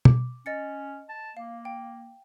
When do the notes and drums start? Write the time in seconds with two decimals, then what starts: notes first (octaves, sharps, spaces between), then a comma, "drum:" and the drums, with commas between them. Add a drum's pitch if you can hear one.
0.05 D6, drum: tom
0.46 C#4 D#5 A6 C#7
1.09 A5
1.37 A#3 F5
1.65 G5